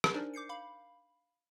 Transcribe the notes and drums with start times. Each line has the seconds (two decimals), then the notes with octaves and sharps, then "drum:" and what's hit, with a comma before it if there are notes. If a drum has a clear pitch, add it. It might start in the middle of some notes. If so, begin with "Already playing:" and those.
0.04 drum: rim click
0.14 D4 D#4 A#4 C5 D5 G#5
0.34 D6 G6 C7 C#7
0.49 F5 B5